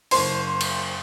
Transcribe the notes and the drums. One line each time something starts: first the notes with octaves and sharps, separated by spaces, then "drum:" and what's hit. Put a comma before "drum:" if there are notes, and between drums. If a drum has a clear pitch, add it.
F#1 C5 C6, drum: open hi-hat
drum: cymbal